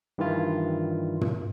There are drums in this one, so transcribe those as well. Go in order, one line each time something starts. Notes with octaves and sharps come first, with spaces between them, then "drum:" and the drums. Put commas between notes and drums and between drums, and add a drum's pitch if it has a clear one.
G2 D#3 E3 E4 F4
drum: tom